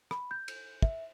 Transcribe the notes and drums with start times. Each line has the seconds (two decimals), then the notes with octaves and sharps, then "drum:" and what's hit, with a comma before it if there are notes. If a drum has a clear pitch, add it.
0.11 B5, drum: rim click
0.31 G6
0.48 drum: cymbal
0.82 E5, drum: kick